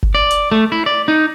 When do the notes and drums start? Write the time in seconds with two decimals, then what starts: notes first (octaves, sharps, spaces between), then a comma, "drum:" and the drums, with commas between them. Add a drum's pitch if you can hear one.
0.03 drum: kick F#1
0.15 D5
0.31 drum: hi-hat
0.52 A3
0.72 E4
0.86 D5
1.08 D#4